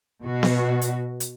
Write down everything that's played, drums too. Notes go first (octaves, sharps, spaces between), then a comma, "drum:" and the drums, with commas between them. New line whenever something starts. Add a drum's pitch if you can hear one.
B2 F#4
drum: snare B3
drum: hi-hat
drum: hi-hat